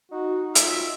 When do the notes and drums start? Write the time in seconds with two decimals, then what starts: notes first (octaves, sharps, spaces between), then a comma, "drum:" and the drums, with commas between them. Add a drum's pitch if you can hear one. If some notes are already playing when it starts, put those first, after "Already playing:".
0.12 D#4 F#4
0.55 F4 E5, drum: hi-hat